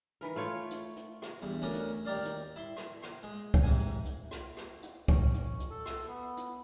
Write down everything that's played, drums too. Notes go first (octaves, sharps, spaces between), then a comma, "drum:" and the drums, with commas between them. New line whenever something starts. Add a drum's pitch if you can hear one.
D#3 E3 A#4
A3 F4 C#5 F5
drum: hi-hat
drum: hi-hat
drum: rim click
E2 G2
D2 C#4 D4 A#4 D6
drum: hi-hat
D#2 G4 A#4 D5 F5
drum: hi-hat
E4 E5 C6
drum: rim click
drum: rim click
G#3
drum: kick C2, hi-hat
G#2 C3 G#5
drum: hi-hat
drum: hi-hat
drum: rim click
drum: rim click
drum: hi-hat
C#4, drum: kick C2, hi-hat
drum: hi-hat
drum: hi-hat
A4
drum: rim click
B3
drum: hi-hat